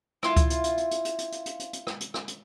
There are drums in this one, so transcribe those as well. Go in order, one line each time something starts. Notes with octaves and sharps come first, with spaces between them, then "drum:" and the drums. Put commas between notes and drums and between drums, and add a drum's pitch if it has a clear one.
E4 F4, drum: rim click
drum: kick C#2, hi-hat
drum: hi-hat
drum: hi-hat
drum: hi-hat
drum: hi-hat
drum: hi-hat
drum: hi-hat
drum: hi-hat
drum: hi-hat
drum: hi-hat
drum: hi-hat
drum: rim click
drum: hi-hat
drum: rim click
drum: hi-hat